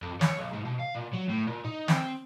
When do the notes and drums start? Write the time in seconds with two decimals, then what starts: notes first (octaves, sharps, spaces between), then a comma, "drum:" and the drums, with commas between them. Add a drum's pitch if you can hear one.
0.02 F2
0.21 C#5, drum: snare
0.38 B1
0.53 G#2
0.65 B2
0.80 F5
0.95 A#2
1.13 F#3
1.29 A2
1.47 A#2
1.65 D#4
1.88 C4, drum: snare